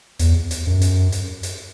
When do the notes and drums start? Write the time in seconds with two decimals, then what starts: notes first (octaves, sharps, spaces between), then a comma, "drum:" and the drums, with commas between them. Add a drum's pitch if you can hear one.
0.19 E2, drum: hi-hat
0.51 drum: hi-hat
0.67 F#2
0.82 drum: hi-hat
1.12 drum: hi-hat
1.43 drum: hi-hat